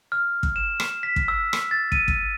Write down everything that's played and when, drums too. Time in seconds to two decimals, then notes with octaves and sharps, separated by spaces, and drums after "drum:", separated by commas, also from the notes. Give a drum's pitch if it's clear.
0.12 F6
0.43 drum: kick
0.56 E7
0.80 drum: rim click
1.03 B6
1.16 drum: kick
1.28 E6
1.53 drum: rim click
1.71 A6
1.92 D#7, drum: kick
2.08 drum: kick